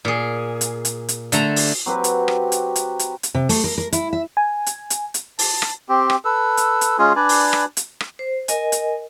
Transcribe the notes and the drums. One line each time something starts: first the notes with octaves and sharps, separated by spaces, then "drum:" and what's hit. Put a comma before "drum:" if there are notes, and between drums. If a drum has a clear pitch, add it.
A#2 G#4
drum: hi-hat
drum: hi-hat
drum: hi-hat
D3 A3 A#5, drum: hi-hat
drum: open hi-hat
F#3 C4 G4 B4
drum: hi-hat
drum: rim click
drum: hi-hat
drum: hi-hat
drum: hi-hat
drum: hi-hat
C3
A3, drum: open hi-hat
A#4
A#4
E4, drum: hi-hat
E5
G#5
drum: hi-hat
drum: hi-hat
drum: hi-hat
A5, drum: open hi-hat
drum: rim click
C4 G4
drum: rim click
A4 B4 E6
drum: hi-hat
drum: hi-hat
G#3 C#4 F4 G#4
D4 B4 D5 G#5
drum: open hi-hat
drum: rim click
drum: hi-hat
drum: rim click
C5
A#4 D#5 G#5, drum: hi-hat
drum: hi-hat